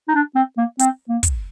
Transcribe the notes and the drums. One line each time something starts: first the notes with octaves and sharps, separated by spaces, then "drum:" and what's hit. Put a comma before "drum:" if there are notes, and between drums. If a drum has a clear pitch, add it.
D#4
D4
C4
A#3
C4, drum: hi-hat
A#3
drum: kick, hi-hat